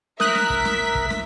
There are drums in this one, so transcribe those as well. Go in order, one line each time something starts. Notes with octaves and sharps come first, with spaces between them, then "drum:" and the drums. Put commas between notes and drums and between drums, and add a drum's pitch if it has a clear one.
A#4 E5 D#6 F#6 B6, drum: snare
drum: snare
drum: kick
drum: snare
drum: kick
drum: snare